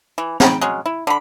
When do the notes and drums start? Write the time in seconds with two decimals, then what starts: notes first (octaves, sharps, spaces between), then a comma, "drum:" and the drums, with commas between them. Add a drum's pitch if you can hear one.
0.18 E3
0.40 D#4 G5 A#5 B5, drum: snare
0.61 F#3 G#3 C#4
0.86 E4
1.07 D3 B5